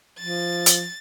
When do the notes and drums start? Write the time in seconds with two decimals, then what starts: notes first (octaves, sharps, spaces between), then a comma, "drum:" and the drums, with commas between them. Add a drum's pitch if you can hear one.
0.19 F3 A6
0.66 drum: hi-hat